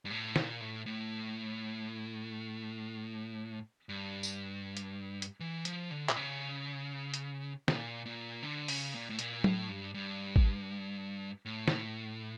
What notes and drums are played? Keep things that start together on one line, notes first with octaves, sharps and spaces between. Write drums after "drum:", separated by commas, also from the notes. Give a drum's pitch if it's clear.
G2
A2
A#2, drum: snare
A2
A2
G2
drum: tambourine
drum: hi-hat
drum: hi-hat
E3
F3, drum: hi-hat
D3
A#2, drum: clap
C#3
drum: hi-hat
A#2, drum: snare
A#2
D3
C#3, drum: open hi-hat
A#2
A2
A#2, drum: hi-hat
A2, drum: tom F#3
G2
G2
drum: kick G#1
A2
drum: snare